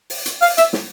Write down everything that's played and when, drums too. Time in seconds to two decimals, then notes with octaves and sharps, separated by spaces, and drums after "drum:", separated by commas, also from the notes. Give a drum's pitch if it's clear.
0.10 drum: open hi-hat
0.26 drum: hi-hat
0.42 F5, drum: open hi-hat
0.58 E5, drum: hi-hat
0.73 drum: snare